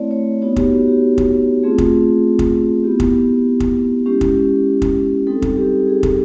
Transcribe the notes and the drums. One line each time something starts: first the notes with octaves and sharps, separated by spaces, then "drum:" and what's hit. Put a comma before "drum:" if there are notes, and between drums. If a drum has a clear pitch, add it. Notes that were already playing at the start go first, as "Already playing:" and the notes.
Already playing: A3 C4 E4 C#5 D5
C#5
B3 D#4 F#4 C#5
G4, drum: kick
F#4
G4
drum: kick
A3 C4 F4 G#4
drum: kick
drum: kick
B3 E4 G4
drum: kick
drum: kick
G#3 C#4 E4 G4
drum: kick
drum: kick
G3 C4 D#4 A4
drum: kick
G4
G#4
drum: kick